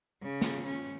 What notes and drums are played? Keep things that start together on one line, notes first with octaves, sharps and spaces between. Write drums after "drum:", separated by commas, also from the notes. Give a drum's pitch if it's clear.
C#3
drum: snare
C#4